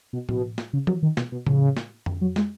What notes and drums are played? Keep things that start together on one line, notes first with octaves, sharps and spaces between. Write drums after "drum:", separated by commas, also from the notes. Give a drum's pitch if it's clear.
B2
B2, drum: tom A2
drum: snare
C#3
F#3, drum: tom E3
D#3
B2, drum: snare
B2
C#3, drum: tom A2
drum: snare
drum: tom F2
F#3
G#3, drum: snare